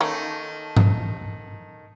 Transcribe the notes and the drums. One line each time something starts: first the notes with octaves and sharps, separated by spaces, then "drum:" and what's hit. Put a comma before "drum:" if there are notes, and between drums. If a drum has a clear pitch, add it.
D#3 A3 A#3 C#4
drum: tom G2